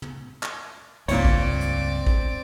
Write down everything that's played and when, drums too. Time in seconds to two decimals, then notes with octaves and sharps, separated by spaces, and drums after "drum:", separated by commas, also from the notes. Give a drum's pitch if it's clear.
0.02 drum: tom
0.43 drum: clap
1.08 C#2 G2 A#2 C4 C#5 D5, drum: cymbal
1.25 drum: kick
1.61 drum: hi-hat
2.07 drum: kick